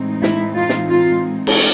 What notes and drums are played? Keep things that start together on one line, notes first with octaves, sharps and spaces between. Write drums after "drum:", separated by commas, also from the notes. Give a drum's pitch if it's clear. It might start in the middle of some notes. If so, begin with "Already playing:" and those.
Already playing: A2 E3 G#3 C4 D#4
E4, drum: snare
F4
drum: snare
F4
drum: cymbal